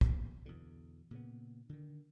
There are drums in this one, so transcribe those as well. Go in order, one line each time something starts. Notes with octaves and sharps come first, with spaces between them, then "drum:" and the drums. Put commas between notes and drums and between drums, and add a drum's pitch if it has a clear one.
C#2 B2 E3 A#3, drum: kick
E2 B2 D3
A#2 C#3 B3
D3 D#3